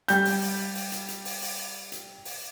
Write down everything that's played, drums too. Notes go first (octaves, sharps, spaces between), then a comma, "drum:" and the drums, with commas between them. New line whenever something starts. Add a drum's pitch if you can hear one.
G3 G6, drum: hi-hat
drum: open hi-hat
drum: open hi-hat
drum: open hi-hat
drum: hi-hat
drum: hi-hat
drum: open hi-hat
drum: open hi-hat
drum: hi-hat
drum: open hi-hat